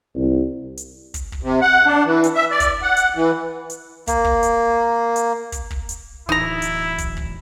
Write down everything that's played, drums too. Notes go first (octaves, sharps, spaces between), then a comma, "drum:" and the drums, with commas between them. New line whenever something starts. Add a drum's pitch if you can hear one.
C2
drum: hi-hat
drum: kick, hi-hat
drum: kick
C3
F#5
D4
E3
drum: hi-hat
E5
D5
drum: kick, hi-hat
F#5
drum: hi-hat
E3
drum: hi-hat
A#3, drum: kick, hi-hat
drum: kick
drum: hi-hat
drum: hi-hat
drum: kick, hi-hat
drum: kick
drum: hi-hat
D1 E3 D#4 E4 A#5
drum: hi-hat
drum: kick, hi-hat
drum: kick